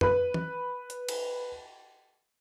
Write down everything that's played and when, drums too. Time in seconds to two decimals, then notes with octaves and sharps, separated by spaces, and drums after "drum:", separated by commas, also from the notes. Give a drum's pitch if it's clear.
0.01 B4 B5, drum: tom F2
0.34 drum: tom E3
0.90 drum: hi-hat
1.09 drum: cymbal